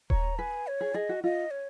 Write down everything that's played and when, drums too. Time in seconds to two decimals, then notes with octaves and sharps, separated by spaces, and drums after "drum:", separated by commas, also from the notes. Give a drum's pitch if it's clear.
0.10 C#5 A#5, drum: kick D#1
0.39 B4 G#5
0.67 C#5
0.81 G#4
0.94 G#4 D#5
1.09 F#4
1.24 F4 D#5
1.51 C#5